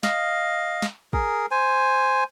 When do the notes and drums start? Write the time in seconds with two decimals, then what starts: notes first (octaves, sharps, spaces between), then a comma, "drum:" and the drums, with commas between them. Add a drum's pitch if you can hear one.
0.03 D#5 F5, drum: snare
0.82 drum: snare
1.13 G#4 A#4, drum: kick
1.51 C5 G#5